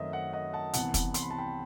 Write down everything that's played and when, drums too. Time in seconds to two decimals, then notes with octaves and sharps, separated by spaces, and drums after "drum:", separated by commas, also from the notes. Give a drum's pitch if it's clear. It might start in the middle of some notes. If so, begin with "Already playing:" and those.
Already playing: F#2 D#3 A3 C4 D#5 E5
0.13 D#5 F#5
0.33 D#5 F#5
0.53 F#5 A5
0.73 C2 C3 E3 B3 F#5 A5, drum: hi-hat
0.94 drum: kick, hi-hat
1.14 C6, drum: hi-hat
1.23 B5
1.31 A5
1.38 G5 B5